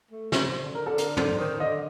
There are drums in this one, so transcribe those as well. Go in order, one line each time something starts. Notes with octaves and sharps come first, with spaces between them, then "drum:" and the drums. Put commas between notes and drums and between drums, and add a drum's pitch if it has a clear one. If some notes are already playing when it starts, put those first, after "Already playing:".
A3
C3 C5, drum: snare
D3
A#4
D3 A4
A#4, drum: hi-hat
D3 C5, drum: tom
D#3 C5
D3 D#5